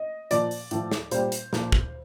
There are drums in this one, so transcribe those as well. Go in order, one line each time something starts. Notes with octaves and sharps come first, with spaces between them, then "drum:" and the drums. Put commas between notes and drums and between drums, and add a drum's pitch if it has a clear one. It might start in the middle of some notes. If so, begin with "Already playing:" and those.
Already playing: D#5
A#2 F3 D5, drum: hi-hat
drum: open hi-hat
A2 F3, drum: hi-hat
drum: snare
A#2 G3 C5, drum: hi-hat
drum: hi-hat
A#2 F3, drum: snare
drum: kick